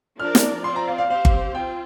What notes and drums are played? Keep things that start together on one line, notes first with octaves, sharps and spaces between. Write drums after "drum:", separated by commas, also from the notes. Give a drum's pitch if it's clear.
F3 D4 A#4 D5 F6
drum: snare
C4 F4 D5 C6
A#5
F5
F5
C4 G4 C5 F5
drum: kick G1
C4 F4 G5